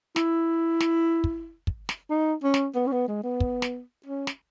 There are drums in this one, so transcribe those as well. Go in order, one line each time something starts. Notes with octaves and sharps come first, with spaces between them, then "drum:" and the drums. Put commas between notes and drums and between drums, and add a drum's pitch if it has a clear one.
E4, drum: snare
drum: snare
drum: kick
drum: kick
drum: snare
D#4
C#4
drum: snare
B3
C#4
B3
G#3
B3
drum: kick
drum: snare
C#4
drum: snare